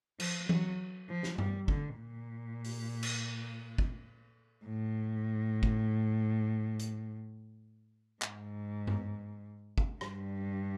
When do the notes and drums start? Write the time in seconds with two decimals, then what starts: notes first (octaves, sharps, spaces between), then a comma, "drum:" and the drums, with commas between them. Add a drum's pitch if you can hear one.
0.20 F3, drum: cymbal
0.49 F#3, drum: tom E3
1.09 F3
1.23 drum: snare
1.38 G3, drum: tom G2
1.68 D3, drum: kick
1.98 A#2
2.64 drum: open hi-hat
3.03 drum: cymbal
3.78 drum: kick
4.66 A2
5.63 drum: kick
6.79 drum: hi-hat
8.22 G#2, drum: clap
8.87 drum: tom G2
9.78 drum: kick
10.01 G2, drum: rim click